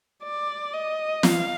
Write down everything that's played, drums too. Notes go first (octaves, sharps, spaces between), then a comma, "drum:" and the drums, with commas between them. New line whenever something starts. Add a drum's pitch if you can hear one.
D5
D#5
F5, drum: snare